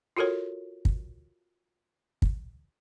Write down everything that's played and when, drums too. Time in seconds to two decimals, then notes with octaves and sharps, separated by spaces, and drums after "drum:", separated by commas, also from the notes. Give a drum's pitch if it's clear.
0.17 F4 F#4 A4 A#4 C#5
0.85 drum: kick
2.22 drum: kick